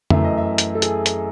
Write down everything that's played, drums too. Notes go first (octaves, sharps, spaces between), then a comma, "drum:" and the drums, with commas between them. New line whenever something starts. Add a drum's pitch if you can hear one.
F#2 E3 A3 E5, drum: tom
D#5
E5
drum: hi-hat
A4
G#4, drum: hi-hat
drum: hi-hat